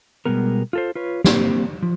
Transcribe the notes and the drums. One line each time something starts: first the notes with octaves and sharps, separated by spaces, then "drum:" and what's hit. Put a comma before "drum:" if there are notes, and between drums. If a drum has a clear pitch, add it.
B2 G3 G#3 B3 A#4
F4 A4 C5
F4 B4 C#5
A#3 C4 G4, drum: snare
F3